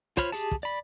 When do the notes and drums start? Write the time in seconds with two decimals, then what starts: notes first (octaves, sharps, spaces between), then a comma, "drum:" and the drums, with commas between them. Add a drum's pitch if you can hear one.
0.17 F4 C5 C#5 B5 F6, drum: kick
0.32 G4 G#4 A5, drum: hi-hat
0.51 drum: kick
0.63 D5 B5